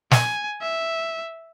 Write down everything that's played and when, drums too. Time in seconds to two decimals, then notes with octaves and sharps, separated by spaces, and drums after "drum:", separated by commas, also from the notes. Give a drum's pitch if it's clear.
0.11 G#5, drum: snare
0.62 E5